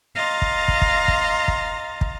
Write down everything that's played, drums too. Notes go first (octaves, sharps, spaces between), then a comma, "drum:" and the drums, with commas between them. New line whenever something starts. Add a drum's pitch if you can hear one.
D#5 F5 A#5 C6 A6
drum: kick
drum: kick
drum: kick
drum: kick
drum: kick
drum: kick